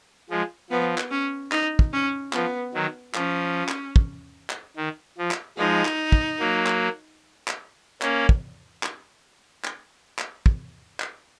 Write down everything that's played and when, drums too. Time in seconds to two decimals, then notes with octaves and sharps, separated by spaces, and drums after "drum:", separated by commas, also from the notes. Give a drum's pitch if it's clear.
0.30 F3 G#3
0.70 F3 B3
0.98 drum: clap
1.11 C#4
1.52 D#4, drum: clap
1.79 drum: kick
1.93 C#4
2.33 F3 B3, drum: clap
2.74 D#3 F#3
3.15 F3 C#4, drum: clap
3.69 drum: clap
3.96 drum: kick
4.50 drum: clap
4.77 D#3
5.18 F3
5.31 drum: clap
5.58 F3 G#3 D#4
5.85 drum: clap
6.12 drum: kick
6.39 F#3 A#3
6.67 drum: clap
7.48 drum: clap
8.02 A#3 C#4, drum: clap
8.29 drum: kick
8.83 drum: clap
9.65 drum: clap
10.19 drum: clap
10.46 drum: kick
11.00 drum: clap